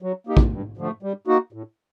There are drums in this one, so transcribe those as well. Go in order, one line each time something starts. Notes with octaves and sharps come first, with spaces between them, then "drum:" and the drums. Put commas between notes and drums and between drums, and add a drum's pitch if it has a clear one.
F#3
A#3 D#4 G4
drum: kick
G2
D3 F3 A3
G3
A#3 D#4 F#4
A2